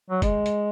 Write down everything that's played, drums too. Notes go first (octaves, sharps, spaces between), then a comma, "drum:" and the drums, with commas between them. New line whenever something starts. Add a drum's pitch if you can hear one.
F#3
G#3, drum: kick, hi-hat
drum: hi-hat